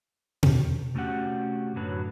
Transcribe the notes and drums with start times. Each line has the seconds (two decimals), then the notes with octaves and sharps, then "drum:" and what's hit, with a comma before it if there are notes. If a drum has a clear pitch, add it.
0.43 drum: tom B2
0.95 C3 A3 C#4 F#4 G4 F#5
1.76 F#2 A2 D3 F#3 B4